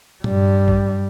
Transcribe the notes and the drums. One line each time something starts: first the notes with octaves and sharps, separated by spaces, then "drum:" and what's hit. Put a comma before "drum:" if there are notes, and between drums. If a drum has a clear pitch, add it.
G2 G3, drum: tom A#2
drum: kick